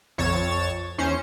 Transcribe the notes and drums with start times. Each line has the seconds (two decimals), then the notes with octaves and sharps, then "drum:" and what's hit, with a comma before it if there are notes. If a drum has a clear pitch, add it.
0.18 F2 C#5 G#6 A6 E7, drum: tom A#1
0.98 E2 C#4 C5 C#7